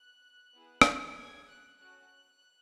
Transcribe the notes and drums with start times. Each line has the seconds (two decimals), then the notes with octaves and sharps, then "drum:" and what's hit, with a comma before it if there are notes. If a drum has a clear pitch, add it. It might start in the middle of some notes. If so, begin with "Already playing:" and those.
Already playing: F#6
0.53 B3 E4 G#4
0.81 drum: rim click
1.17 C#4 G#4 G#6
1.49 F#6
1.80 C#4 F#4 A4 F#6